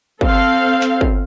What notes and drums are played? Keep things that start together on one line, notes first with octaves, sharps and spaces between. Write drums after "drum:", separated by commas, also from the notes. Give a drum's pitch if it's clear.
C4 A4 F5, drum: kick
drum: clap
drum: kick